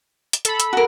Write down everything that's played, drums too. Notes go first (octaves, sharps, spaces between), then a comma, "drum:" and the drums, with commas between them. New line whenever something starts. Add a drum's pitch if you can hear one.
drum: hi-hat
A4 B5, drum: hi-hat
drum: hi-hat
F#4 A#4